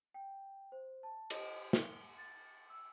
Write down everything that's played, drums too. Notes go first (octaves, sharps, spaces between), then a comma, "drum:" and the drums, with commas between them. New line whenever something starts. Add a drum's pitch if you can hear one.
G5
C5
A5
D#5, drum: cymbal
G7, drum: snare
A6
E6